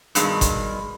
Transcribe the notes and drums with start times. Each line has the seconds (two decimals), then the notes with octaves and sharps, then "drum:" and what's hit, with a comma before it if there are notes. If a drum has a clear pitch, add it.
0.15 G2 B2 D#3 G#3, drum: hi-hat
0.41 drum: kick G1, hi-hat